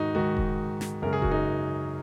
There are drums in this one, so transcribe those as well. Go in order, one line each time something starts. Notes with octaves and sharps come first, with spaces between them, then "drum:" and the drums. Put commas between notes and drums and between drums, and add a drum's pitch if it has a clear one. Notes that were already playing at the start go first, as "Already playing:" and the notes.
Already playing: G#2 D#3 D#4 F#4
G#2 D#3 G#3 F#4
drum: kick E1
drum: snare
F#2 C#3 G#3 A#4
G#4
F#4, drum: kick E1
D#4 G#4